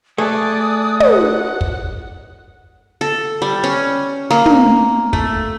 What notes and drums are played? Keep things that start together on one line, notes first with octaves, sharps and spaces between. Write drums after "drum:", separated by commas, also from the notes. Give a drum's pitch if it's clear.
A3 G#4 D5 D#6 F#6
F#5, drum: tom
drum: kick
A4
G3
C#4
A#3, drum: snare
drum: tom
A3, drum: kick